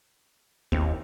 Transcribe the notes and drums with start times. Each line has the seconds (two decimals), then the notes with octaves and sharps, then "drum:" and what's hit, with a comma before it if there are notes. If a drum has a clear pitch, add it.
0.72 D#2 C4 E4, drum: kick